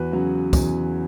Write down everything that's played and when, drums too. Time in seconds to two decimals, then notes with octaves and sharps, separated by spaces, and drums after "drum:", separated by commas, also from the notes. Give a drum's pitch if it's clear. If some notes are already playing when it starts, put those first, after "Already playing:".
Already playing: E2 F#4 B4
0.12 C#3 F#3
0.53 E2, drum: kick, tambourine